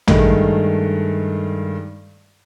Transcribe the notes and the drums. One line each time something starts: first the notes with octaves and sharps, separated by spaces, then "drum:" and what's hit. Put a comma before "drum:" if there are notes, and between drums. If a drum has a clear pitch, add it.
G2 D#3 G#3 A3, drum: tom A1